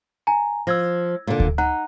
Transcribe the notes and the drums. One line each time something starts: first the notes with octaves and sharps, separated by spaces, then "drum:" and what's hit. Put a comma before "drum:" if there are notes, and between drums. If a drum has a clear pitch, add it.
G#5 A#5
F3 E6 G#6 A#6
A#2 D3
drum: kick D2
D#4 F#5 A#5 F#6